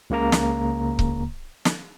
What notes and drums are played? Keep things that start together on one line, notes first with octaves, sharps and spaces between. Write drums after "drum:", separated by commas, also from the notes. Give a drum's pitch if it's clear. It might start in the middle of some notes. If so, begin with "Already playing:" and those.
C#2 C#3 A#3 A#5
drum: snare
drum: kick C#1
drum: snare